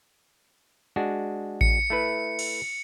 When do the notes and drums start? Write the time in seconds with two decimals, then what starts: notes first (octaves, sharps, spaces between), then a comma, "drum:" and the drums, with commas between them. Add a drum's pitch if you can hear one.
0.96 G#3 D4 F#4
1.61 C#7, drum: kick A1
1.90 A3 E4 B4
2.39 drum: cymbal